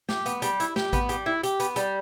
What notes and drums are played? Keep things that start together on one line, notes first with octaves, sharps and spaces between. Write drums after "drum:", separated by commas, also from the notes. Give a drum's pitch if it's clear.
G4, drum: snare
B3, drum: hi-hat
G3, drum: hi-hat
E4, drum: hi-hat
G4, drum: snare
B3, drum: kick A1, hi-hat
G3, drum: hi-hat
E4
G4, drum: hi-hat
B3, drum: hi-hat
G3, drum: hi-hat